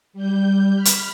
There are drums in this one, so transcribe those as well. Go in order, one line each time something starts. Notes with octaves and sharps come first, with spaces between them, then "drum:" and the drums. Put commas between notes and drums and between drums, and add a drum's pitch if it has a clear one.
G3 G6
B5 F6
drum: hi-hat